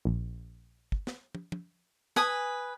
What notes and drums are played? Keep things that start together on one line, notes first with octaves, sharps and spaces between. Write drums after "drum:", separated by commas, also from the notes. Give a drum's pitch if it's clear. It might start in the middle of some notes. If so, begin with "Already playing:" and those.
A#1
drum: kick
drum: snare
drum: tom
drum: tom
B4 G#5 D#6, drum: snare